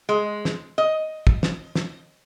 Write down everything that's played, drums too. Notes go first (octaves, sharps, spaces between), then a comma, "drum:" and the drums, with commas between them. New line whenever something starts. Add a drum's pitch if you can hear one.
G#3
drum: snare
D#5
drum: kick
drum: snare
drum: snare